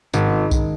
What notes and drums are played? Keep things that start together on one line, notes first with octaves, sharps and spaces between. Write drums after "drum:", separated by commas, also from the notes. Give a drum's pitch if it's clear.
G#1, drum: tambourine
drum: kick B1, tambourine